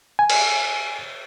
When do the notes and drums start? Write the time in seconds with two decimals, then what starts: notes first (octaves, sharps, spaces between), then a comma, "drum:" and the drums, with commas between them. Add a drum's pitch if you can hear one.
0.19 G#5
0.30 drum: cymbal